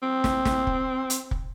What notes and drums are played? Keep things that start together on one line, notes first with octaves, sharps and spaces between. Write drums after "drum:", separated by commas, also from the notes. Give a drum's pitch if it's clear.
C4
drum: snare
drum: snare
drum: kick
drum: hi-hat
drum: kick